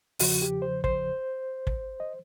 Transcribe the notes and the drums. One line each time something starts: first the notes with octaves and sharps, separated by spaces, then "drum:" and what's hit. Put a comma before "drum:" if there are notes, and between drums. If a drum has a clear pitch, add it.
E2 C#3 F3 F#4, drum: open hi-hat
G4
C5
C5, drum: kick
drum: kick
D#5